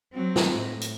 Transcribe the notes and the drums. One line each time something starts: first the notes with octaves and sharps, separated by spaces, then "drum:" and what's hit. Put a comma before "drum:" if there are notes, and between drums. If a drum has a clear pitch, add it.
F#3 C4
drum: snare
A2
drum: hi-hat